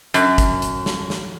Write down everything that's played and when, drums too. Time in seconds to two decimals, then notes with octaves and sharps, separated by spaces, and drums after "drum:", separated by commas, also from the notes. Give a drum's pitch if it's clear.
0.14 F#2, drum: hi-hat
0.38 drum: kick, hi-hat
0.62 drum: hi-hat
0.86 drum: snare
1.10 drum: snare